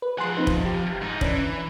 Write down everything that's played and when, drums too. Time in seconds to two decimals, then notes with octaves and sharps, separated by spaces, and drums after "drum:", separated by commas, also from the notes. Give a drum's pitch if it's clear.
0.02 B4
0.18 F3 G#4 F#5 C6
0.37 C4 D#4 B4
0.47 drum: kick F1
0.65 G4
1.02 G#2 D#4
1.21 E3 C#4 D4, drum: kick F1